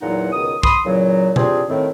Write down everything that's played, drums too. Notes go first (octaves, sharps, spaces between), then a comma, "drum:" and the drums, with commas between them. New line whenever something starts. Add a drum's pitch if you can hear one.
E2 A#2 E3 F#3 D#4 F#5
C#2 B2 D#3 D#6
B5 C6 D#6, drum: kick
A#2 C#3 E3 F#3
E3 C4 D4 F4 G4 G#4, drum: tom
A2 D#3 C4